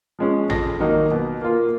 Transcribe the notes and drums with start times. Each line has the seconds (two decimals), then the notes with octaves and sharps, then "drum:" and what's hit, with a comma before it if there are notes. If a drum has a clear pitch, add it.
0.19 F3 G#3 C#4
0.50 F2 A#6, drum: tom A1
0.80 D#3 F#3 A#3 D#4
1.11 B2
1.42 A#3 F4